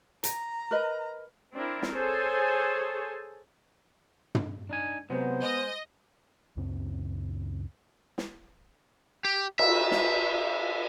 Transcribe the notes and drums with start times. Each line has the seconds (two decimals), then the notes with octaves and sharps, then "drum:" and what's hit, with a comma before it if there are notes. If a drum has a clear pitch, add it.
0.24 A#5, drum: hi-hat
0.71 A#4 B4 D#5
1.53 C4 D4 E4 A#4
1.82 drum: snare
1.93 G#4 A4 C5 C#5 G#5 A5
4.35 drum: tom
4.70 D4 D#4 G#5
5.10 C3 F#3 G#3 B3 C5
5.43 G#3 D#5
6.56 C#2 F#2 C#3 C4
8.18 drum: snare
9.25 G4
9.59 E5, drum: cymbal
9.91 drum: snare